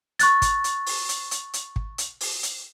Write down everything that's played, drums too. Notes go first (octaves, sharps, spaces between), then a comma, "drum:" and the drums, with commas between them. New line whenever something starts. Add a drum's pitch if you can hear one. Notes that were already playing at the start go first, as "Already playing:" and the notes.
C#6 F#6 A6, drum: hi-hat
drum: kick, hi-hat
drum: hi-hat
drum: open hi-hat
drum: hi-hat
drum: hi-hat
drum: hi-hat
drum: kick
drum: hi-hat
drum: open hi-hat
drum: hi-hat